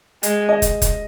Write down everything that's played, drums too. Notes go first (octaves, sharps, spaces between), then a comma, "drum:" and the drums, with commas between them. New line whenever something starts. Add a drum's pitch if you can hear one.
G#3, drum: hi-hat
D#5
drum: kick, hi-hat
drum: kick, hi-hat